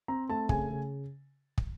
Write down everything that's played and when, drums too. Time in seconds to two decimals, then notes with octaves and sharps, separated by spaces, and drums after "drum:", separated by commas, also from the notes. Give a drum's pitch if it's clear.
0.08 C4 A#5
0.29 A3 A5
0.49 C#3 G#5, drum: kick
0.70 C#3
1.58 drum: kick